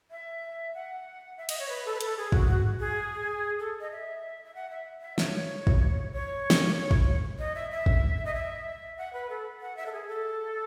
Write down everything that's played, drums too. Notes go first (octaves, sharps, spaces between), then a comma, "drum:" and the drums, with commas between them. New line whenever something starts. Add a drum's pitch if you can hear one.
E5
F#5
E5
D#5, drum: cymbal
C#5
B4
A4
B4
A4, drum: hi-hat
G#4
F#4, drum: kick
F#4, drum: tom G2
G#4
A4
D#5
E5
E5
F#5
E5
E5
C#5, drum: snare
drum: kick
C#5
drum: snare
drum: kick
D#5
E5
E5
drum: kick
D#5
E5
F#5
B4
A4
F#5
E5
A4
G#4
A4